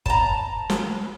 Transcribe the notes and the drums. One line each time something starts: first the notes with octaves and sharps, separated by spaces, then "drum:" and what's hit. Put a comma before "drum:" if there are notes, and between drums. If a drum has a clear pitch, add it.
A5 A#5, drum: kick F#1
drum: snare